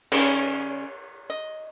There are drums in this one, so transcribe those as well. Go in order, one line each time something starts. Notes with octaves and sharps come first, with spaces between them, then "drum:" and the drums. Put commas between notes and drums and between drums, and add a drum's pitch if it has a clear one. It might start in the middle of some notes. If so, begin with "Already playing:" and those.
C#3 G3 C#4, drum: cymbal
D#5